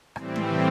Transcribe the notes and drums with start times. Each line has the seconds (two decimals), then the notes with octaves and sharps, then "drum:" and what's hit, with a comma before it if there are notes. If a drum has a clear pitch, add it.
0.16 A2 E3 G3 C4, drum: rim click
0.36 drum: tom